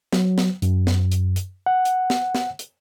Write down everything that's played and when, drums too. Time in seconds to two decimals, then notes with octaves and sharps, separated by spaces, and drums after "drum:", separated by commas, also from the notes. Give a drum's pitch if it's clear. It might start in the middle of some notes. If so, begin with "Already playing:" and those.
0.13 F#3, drum: snare
0.38 drum: snare
0.62 F#2, drum: hi-hat
0.87 drum: snare
1.12 drum: hi-hat
1.36 drum: hi-hat
1.66 F#5
1.85 drum: hi-hat
2.10 drum: snare
2.35 drum: snare
2.59 drum: hi-hat